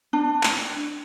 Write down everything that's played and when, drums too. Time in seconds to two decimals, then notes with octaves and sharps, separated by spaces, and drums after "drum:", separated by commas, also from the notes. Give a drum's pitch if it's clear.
0.13 D4
0.43 drum: clap